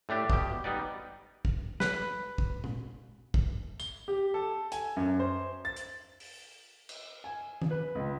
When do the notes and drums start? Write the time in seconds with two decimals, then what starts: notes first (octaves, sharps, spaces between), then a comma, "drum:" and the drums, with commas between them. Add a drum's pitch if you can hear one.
0.09 A2 A3 D4 G4
0.30 B2 G4, drum: kick
0.64 G3 B3 D#4 D5
1.45 drum: kick
1.80 B4, drum: snare
2.38 drum: kick
2.64 drum: tom A#2
3.34 drum: kick
3.80 G7, drum: tambourine
4.08 G4
4.34 A4
4.72 G#5, drum: hi-hat
4.97 F#2
5.20 C5
5.65 A6
5.76 drum: hi-hat
6.20 drum: open hi-hat
6.89 drum: cymbal
7.24 G#5
7.62 drum: tom D#3
7.71 B4
7.95 C#2